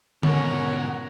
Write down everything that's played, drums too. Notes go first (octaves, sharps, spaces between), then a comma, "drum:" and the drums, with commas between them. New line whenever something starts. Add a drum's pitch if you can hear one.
G#2 B2 C#4 A#4 C#5 F#5, drum: tom D3